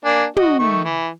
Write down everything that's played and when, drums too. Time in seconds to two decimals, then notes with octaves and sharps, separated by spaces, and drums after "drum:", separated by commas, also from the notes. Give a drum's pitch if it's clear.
0.05 A#3 D4 G#5
0.37 F#4 D#5, drum: tom
0.59 D#3 A3 C#6
0.84 E3